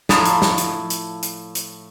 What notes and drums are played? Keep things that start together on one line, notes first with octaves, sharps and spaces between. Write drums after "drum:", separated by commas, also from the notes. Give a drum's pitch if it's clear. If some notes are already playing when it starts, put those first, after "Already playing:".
A2 F3 A5 A#5, drum: snare
drum: hi-hat
drum: snare
drum: hi-hat
drum: hi-hat
drum: hi-hat
drum: hi-hat